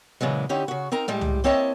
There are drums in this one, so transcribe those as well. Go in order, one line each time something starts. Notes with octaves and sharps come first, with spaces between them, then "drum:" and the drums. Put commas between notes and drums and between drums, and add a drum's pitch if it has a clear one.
A#2 C#3 E3 F#3 G#3
D3 C#4 D#4 E4 G4
C#3 F#4
C4 D#4 A#4 A#5
A2 G3 G#3
drum: tom
A#3 C4 E4 C#5 D#5 A5